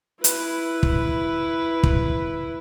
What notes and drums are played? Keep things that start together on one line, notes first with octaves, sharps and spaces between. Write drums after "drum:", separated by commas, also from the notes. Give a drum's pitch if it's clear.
E4 B4, drum: hi-hat
drum: kick
drum: kick